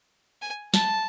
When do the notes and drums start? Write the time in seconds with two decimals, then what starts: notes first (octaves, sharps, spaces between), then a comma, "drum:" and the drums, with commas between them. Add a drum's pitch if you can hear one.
0.42 G#5
0.74 A5, drum: snare